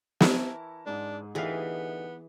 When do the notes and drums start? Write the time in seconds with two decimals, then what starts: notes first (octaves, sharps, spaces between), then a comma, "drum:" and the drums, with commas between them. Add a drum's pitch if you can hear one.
0.21 E3 E4 A#4 A5 C#6 A#6, drum: snare
0.86 G#2 G#3 D4
1.35 D2 E3 B3 D#4 G4 G#4 F5